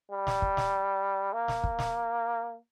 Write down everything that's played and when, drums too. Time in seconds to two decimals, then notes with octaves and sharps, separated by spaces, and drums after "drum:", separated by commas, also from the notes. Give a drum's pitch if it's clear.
0.12 G3
0.27 drum: snare
0.42 drum: kick
0.57 drum: snare
1.33 A#3
1.48 drum: snare
1.64 drum: kick
1.79 drum: snare